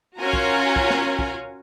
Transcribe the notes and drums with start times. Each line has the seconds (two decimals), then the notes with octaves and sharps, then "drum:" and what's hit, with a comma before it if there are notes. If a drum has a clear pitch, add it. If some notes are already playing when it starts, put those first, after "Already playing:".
0.19 C#4 F4 F#4 A#4 G#5 A#5
0.33 drum: kick
0.76 drum: kick
0.90 drum: snare
1.19 drum: kick